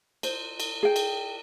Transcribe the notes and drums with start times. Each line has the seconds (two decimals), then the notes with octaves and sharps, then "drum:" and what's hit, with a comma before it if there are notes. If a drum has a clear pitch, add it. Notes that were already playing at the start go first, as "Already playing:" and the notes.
0.23 C5, drum: cymbal
0.60 drum: cymbal
0.83 G#4 G5
0.96 drum: cymbal